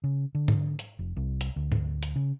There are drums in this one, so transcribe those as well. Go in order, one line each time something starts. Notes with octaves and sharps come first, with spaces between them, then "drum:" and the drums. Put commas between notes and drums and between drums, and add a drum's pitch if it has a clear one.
C#3
D3
drum: tom G#2
drum: hi-hat
F1
C2
drum: hi-hat
D2
drum: tom G#2
drum: hi-hat
C#3